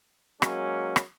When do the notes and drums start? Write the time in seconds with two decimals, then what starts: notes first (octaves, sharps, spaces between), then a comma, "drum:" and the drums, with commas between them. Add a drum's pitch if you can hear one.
0.42 F#3 G#3 A#3 C#4, drum: rim click
0.96 drum: rim click